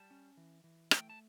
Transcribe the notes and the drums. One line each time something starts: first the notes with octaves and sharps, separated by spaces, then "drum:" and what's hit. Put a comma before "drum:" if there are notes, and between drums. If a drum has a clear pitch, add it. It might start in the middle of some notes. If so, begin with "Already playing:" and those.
Already playing: G3 A5
C#4
E3
E3
A3 G5, drum: rim click
A5